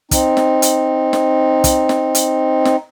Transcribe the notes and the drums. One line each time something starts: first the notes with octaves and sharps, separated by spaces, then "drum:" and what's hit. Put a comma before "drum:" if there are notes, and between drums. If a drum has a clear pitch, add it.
C4 D#4, drum: kick, hi-hat
drum: snare
drum: hi-hat
drum: snare
drum: kick, hi-hat
drum: snare
drum: hi-hat
drum: snare